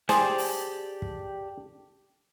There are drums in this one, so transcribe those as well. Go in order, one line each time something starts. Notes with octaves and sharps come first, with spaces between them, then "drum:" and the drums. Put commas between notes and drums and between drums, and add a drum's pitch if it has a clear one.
G4 G#4 C5 D5 A5, drum: snare
drum: open hi-hat
drum: kick